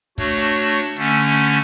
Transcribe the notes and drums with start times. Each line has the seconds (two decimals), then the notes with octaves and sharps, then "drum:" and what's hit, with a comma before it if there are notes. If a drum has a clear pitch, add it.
0.18 A3 D4 F#4 C#5, drum: kick, hi-hat
0.37 drum: open hi-hat
0.96 D3 A3 C#4, drum: hi-hat
1.35 drum: hi-hat